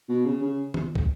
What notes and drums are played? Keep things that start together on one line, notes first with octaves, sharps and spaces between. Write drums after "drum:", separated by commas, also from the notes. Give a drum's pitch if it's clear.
B2
C#3
C#3
drum: tom
drum: kick